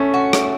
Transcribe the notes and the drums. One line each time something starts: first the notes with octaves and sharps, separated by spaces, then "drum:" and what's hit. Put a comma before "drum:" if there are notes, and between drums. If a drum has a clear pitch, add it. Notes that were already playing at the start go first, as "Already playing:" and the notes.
Already playing: A3 C#4
F#4
drum: rim click